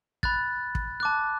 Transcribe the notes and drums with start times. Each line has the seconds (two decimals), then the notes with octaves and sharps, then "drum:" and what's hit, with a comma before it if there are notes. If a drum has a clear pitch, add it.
0.23 B5 F#6 A6, drum: kick
0.75 drum: kick
1.00 A5 D6 F#6